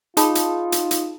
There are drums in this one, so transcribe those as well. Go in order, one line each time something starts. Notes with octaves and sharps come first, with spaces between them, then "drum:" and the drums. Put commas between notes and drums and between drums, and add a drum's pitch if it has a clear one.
D#4 F4 G#4 A5 B5, drum: hi-hat
drum: hi-hat
drum: hi-hat
drum: hi-hat